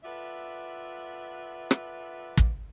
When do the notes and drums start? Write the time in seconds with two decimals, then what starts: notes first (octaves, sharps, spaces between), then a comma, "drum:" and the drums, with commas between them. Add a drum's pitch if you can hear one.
0.04 F4 A4 B4 D5 E5 F#5
1.71 drum: rim click
2.37 drum: kick